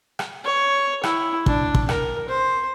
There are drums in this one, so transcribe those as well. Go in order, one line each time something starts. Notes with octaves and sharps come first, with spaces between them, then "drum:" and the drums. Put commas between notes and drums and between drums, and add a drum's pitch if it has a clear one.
drum: rim click
C#5
E4, drum: rim click
D4, drum: kick
drum: kick
A#4, drum: rim click
C5